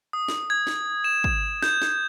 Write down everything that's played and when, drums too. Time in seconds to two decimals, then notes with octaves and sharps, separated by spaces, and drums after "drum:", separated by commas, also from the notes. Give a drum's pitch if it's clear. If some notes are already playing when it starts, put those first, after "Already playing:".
0.13 D#6
0.28 drum: snare
0.50 G#6
0.67 drum: snare
1.04 E7
1.24 drum: kick
1.62 G6, drum: snare
1.82 drum: snare